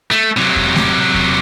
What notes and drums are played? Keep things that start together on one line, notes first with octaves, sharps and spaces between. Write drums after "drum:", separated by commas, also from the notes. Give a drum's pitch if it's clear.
A3
C3 F#3
drum: kick E2
drum: snare A3
drum: kick E2